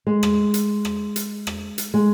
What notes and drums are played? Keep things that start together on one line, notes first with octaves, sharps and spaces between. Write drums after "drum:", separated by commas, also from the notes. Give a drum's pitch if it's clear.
G#3
drum: rim click
drum: hi-hat
drum: rim click
drum: hi-hat
drum: rim click
drum: hi-hat
G#3